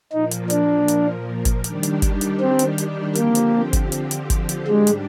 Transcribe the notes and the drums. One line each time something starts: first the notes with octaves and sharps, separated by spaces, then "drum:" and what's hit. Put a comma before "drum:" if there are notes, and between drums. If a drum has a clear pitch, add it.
A#2 F3 A#3 D#4
drum: hi-hat
D4, drum: hi-hat
drum: hi-hat
drum: kick G1, hi-hat
D#3 G3 D4 G4, drum: hi-hat
drum: hi-hat
drum: kick G1, hi-hat
drum: hi-hat
C4
drum: hi-hat
drum: hi-hat
D3 F3 A#3 C4 G4, drum: hi-hat
drum: hi-hat
drum: kick G1, hi-hat
drum: hi-hat
drum: hi-hat
drum: kick G1, hi-hat
drum: hi-hat
G#2 G3 G#3 D4 G4
drum: hi-hat